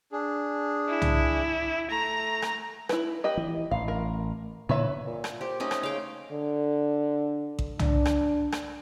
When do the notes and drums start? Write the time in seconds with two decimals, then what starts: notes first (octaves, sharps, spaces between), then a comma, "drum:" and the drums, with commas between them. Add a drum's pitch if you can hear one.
0.12 D4 G#4
0.88 E4
1.02 drum: tom
1.90 A3 A#5
2.42 drum: rim click
2.89 E4 B4, drum: rim click
3.24 G4 B4 D#5
3.37 E3
3.71 A1 F5
3.88 A#4
4.69 A#2 D3 E3 B4 C#5 E5
5.07 A#2
5.24 drum: rim click
5.41 G4 C5
5.60 A3 C#4 D#4
5.71 drum: rim click
5.83 C#3 F5 G5
6.32 D3
7.59 drum: kick A1
7.79 D4, drum: tom
8.06 drum: rim click
8.52 drum: rim click